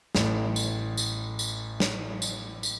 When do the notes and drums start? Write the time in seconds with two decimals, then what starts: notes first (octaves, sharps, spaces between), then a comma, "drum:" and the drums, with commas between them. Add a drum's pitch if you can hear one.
0.15 A1 A2, drum: snare
0.56 drum: tambourine
0.97 drum: tambourine
1.39 drum: tambourine
1.80 drum: snare
2.22 drum: tambourine
2.63 drum: tambourine